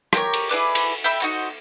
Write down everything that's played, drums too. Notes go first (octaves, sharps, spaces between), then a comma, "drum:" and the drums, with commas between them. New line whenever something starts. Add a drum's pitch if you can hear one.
G4 A#4 C#5, drum: rim click
drum: cymbal
E4 G#4 B4 D5
drum: cymbal
E5 G5 B5 E6
D#4 F#4 C5